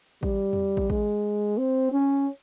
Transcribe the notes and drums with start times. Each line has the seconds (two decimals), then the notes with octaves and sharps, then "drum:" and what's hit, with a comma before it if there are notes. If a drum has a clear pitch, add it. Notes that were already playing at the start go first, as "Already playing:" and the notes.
0.23 G3, drum: kick
0.53 drum: tom E2
0.77 drum: kick
0.90 G#3, drum: kick
1.58 C4
1.92 C#4